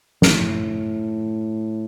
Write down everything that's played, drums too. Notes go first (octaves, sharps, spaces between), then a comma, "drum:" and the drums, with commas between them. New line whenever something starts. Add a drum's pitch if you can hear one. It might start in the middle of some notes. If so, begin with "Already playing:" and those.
A2, drum: snare